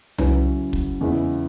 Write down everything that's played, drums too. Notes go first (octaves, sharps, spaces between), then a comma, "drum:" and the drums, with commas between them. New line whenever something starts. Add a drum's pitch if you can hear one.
C#3 F#3 C#4 E4 B4, drum: tom C2
drum: kick
E2 C#3 G#3 B3 E4